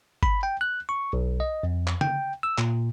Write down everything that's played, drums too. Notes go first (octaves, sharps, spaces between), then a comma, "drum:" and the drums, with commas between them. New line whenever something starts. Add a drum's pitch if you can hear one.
B5, drum: kick G1
G5
F#6
C#6
B1
D#5
F2
drum: clap
G5, drum: tom C#3
E6
A#2, drum: clap